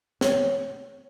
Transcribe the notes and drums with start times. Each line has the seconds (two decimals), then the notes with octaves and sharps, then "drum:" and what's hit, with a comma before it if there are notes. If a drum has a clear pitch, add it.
0.21 C#5, drum: snare